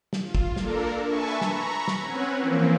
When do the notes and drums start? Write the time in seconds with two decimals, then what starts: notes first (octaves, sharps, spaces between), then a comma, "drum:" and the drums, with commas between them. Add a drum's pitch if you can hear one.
0.13 drum: snare
0.22 F4
0.35 drum: kick
0.56 A#3 D4 A4 A#4, drum: snare
1.03 B4 E5 G#5 A5 C#6
1.41 A#5 B5 C#6, drum: snare
1.88 drum: snare
2.01 C4 C#4 B4 C#5 F#5 G#5
2.38 E3 F3 A#3 C4